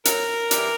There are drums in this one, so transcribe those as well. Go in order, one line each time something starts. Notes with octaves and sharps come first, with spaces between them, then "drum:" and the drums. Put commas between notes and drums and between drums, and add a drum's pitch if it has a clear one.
F#2 A#4, drum: hi-hat
E3 G3, drum: hi-hat